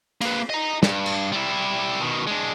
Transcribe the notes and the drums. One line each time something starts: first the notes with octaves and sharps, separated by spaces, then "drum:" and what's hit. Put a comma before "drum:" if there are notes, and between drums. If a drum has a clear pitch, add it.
A#3 B4, drum: cymbal
D#5 A#5
G2, drum: snare
drum: cymbal
G3 E4
B2 D#3
G#3 D4